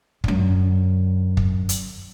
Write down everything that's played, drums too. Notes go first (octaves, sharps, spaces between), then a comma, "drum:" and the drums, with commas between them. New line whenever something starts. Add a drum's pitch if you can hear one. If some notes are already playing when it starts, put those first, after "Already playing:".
F#2 D3, drum: kick
drum: kick
drum: hi-hat